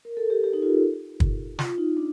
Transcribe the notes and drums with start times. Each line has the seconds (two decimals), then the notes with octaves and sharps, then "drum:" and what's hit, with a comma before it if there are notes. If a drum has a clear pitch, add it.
0.05 A#4
0.17 A4
0.30 G4
0.44 G4
0.53 D#4
0.62 F4
1.20 drum: kick
1.59 F4, drum: snare
1.78 D#4
1.97 D4